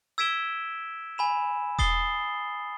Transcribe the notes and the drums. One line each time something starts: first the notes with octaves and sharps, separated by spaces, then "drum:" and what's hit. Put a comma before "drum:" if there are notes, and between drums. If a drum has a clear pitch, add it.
E6 G#6 B6 D7 E7 G7
G#5 B5 E7
D#6 A6 C7 G7, drum: kick E1